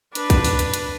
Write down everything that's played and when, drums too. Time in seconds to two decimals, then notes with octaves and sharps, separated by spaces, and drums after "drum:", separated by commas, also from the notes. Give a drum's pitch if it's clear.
0.15 D4 B4, drum: hi-hat
0.30 drum: kick, hi-hat
0.44 drum: open hi-hat
0.59 drum: hi-hat
0.74 drum: hi-hat